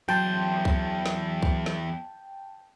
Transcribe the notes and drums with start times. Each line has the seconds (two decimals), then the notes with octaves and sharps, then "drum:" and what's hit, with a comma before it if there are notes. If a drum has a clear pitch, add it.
0.09 E2 F#3 G5 A5 C6
0.65 drum: kick C2
1.06 drum: snare
1.43 drum: kick C2
1.66 drum: snare